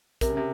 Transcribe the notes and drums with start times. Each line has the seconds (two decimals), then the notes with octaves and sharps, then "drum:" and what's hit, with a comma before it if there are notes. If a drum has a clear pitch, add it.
0.21 C3 A#4, drum: kick, hi-hat
0.29 C#3
0.37 C3